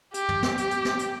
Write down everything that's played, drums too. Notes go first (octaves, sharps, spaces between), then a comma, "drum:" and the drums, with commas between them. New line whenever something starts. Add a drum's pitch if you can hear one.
G4, drum: hi-hat
drum: tom
drum: snare
G4, drum: hi-hat
drum: hi-hat
drum: snare
drum: hi-hat